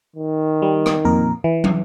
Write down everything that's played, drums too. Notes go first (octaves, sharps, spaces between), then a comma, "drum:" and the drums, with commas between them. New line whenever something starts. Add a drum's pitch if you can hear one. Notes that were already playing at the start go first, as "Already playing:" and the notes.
D#3
G3
drum: rim click
F2 A#2 A#4
E3
drum: tom